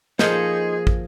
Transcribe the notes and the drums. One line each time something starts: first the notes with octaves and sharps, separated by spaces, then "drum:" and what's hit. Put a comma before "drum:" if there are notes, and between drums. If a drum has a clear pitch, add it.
F3 A#3 D#4 G#4 A4 C5, drum: snare
drum: kick